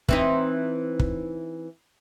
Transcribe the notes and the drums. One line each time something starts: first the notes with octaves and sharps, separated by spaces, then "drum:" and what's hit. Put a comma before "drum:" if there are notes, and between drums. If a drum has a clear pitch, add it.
E3 C4 D#4, drum: kick
drum: kick